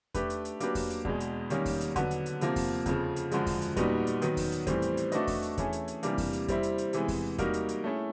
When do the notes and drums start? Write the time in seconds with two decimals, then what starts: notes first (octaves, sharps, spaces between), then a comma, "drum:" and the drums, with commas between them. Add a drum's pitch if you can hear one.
0.15 A3 D4 G4 B4, drum: kick E2, hi-hat
0.30 drum: hi-hat
0.45 drum: hi-hat
0.60 F#3 A#3 D4 G4 B4, drum: hi-hat
0.75 drum: kick E2, open hi-hat
0.90 drum: hi-hat
1.05 E2 B2 G#3, drum: kick E2
1.20 drum: hi-hat
1.50 D#3 G3 A#3 C#4, drum: hi-hat
1.66 drum: kick E2, open hi-hat
1.81 drum: hi-hat
1.96 D3 F#3 B3, drum: kick E2, hi-hat
2.11 drum: hi-hat
2.26 drum: hi-hat
2.41 C3 F3 A#3, drum: hi-hat
2.56 drum: kick E2, open hi-hat
2.86 F2 C#3 F3, drum: kick E2, hi-hat
3.16 drum: hi-hat
3.31 F#2 D3 F3 G#3, drum: hi-hat
3.46 drum: kick E2, open hi-hat
3.62 drum: hi-hat
3.76 A#2 G3 B3 D#4 F#4, drum: kick E2, hi-hat
4.07 drum: hi-hat
4.22 D#3 F#3 B3, drum: hi-hat
4.37 drum: kick E2, open hi-hat
4.52 drum: hi-hat
4.67 A2 E3 G3 C4, drum: kick E2, hi-hat
4.82 drum: hi-hat
4.97 drum: hi-hat
5.12 A3 D4 F#4 B4 D#5, drum: hi-hat
5.27 drum: kick E2, open hi-hat
5.42 drum: hi-hat
5.58 E3 A3 C#4 E4 G#4, drum: kick E2, hi-hat
5.73 drum: hi-hat
5.88 drum: hi-hat
6.03 C3 E3 G3 A#3 D4, drum: hi-hat
6.18 drum: kick E2, open hi-hat
6.33 drum: hi-hat
6.48 G3 C4 E4, drum: kick E2, hi-hat
6.63 drum: hi-hat
6.78 drum: hi-hat
6.93 C3 E3 G#3 B3, drum: hi-hat
7.08 drum: kick E2, open hi-hat
7.38 G3 A#3 D#4 F#4 A#4, drum: kick E2, hi-hat
7.54 drum: hi-hat
7.69 drum: hi-hat
7.84 A3 C#4 E4 G#4